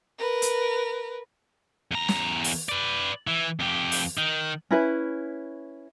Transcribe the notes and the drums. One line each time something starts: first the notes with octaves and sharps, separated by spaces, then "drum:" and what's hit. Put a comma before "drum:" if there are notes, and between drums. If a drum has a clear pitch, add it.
A#4 B4
drum: hi-hat
E2 A#5
drum: snare
drum: open hi-hat
B4 D5
E3
F2 G4
drum: open hi-hat
D#3
C#4 E4 B4